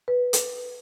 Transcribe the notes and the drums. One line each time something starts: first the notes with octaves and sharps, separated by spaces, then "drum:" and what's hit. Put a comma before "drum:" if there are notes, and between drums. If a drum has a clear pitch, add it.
B4
drum: hi-hat